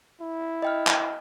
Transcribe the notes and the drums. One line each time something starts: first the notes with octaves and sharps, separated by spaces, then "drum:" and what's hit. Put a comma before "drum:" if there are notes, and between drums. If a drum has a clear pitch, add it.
E4
D#5 G5 F6
drum: clap